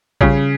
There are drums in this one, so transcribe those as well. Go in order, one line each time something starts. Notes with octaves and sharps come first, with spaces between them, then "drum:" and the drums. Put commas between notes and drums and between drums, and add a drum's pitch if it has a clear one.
C#3 G3 C#4 F4 G#4 C#5, drum: kick A#1